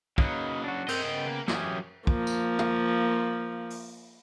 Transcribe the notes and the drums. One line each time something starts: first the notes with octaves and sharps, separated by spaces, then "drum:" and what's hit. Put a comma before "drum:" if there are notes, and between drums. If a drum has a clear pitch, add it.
C#3 F#3 A#3 D#4 B4, drum: kick
D4 F#4
C4 C5 D#5 G5, drum: cymbal
C#3 B3 G5
A#3
E3 F#3 C#4 G4 G#4, drum: snare
F3 A#3, drum: kick
drum: tambourine
drum: tom
drum: open hi-hat